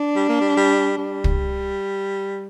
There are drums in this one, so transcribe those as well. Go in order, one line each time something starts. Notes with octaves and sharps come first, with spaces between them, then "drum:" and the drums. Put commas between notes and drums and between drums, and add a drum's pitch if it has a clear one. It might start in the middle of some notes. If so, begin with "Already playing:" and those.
Already playing: D4
G3
A#3
G3
G3
G3
drum: kick